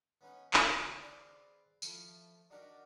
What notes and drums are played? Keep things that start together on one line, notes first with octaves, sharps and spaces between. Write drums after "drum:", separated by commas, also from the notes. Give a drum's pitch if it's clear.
B3 C#4 D#4 G#4 B4
A#2 C#3 F3 A3 A#3, drum: clap
C#3 A3
C4 G#4 B4 D5 F5
F3 A3 E4, drum: tambourine
D4 D#4 F#4 G4 A#4 D5